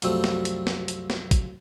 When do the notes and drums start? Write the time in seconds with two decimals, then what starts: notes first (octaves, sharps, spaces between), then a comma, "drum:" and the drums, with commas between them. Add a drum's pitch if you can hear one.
0.02 C2 F#2 F3 G3 A3 C4, drum: hi-hat
0.24 drum: snare
0.45 drum: hi-hat
0.67 drum: snare
0.88 drum: hi-hat
1.10 drum: snare
1.31 drum: kick, hi-hat